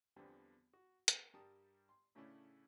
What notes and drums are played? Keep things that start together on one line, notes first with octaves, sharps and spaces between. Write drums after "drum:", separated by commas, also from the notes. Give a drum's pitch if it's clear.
E2 D3 F3 G3 B3 C4
F#4
F#5, drum: hi-hat
G2 G3 A#4 A5 D#6
C6
A2 C#3 A3 C#4 D4 E4